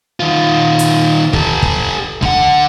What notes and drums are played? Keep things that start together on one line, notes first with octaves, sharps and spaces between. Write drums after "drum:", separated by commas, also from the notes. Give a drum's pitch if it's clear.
D#3 F4
drum: hi-hat
G4 A4, drum: kick
drum: kick
D3 F#5, drum: kick